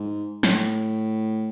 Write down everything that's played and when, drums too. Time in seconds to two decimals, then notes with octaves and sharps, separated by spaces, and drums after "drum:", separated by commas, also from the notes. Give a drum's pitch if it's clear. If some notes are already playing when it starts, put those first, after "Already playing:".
Already playing: G#2
0.43 A2, drum: snare